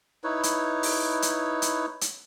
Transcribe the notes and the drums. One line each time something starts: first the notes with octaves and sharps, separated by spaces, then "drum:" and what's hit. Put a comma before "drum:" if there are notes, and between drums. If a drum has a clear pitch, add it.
D#4 E4 B4 C#5
drum: hi-hat
drum: open hi-hat
drum: hi-hat
drum: hi-hat
drum: hi-hat